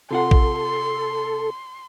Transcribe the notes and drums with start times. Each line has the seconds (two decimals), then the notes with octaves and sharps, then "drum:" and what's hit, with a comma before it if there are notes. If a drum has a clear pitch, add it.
0.11 C3 F4 A4 F#5 C6
0.31 drum: kick A#1